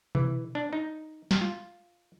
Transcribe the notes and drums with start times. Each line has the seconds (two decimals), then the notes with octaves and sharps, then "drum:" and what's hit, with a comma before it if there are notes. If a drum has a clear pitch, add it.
0.15 E3, drum: tom B2
0.55 D4
0.73 D#4
1.31 drum: snare
1.41 F4